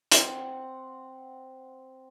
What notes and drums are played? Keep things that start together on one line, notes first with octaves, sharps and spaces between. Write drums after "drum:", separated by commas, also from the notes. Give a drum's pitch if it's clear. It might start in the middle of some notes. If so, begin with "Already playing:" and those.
C4 F#5, drum: hi-hat